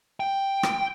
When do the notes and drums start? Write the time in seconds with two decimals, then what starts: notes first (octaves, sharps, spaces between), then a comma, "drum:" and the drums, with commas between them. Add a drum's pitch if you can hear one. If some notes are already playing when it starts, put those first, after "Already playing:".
0.20 G5
0.63 drum: rim click